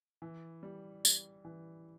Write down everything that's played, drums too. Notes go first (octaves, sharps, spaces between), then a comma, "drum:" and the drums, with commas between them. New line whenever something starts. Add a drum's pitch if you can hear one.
E3
G3
G3, drum: tambourine
E3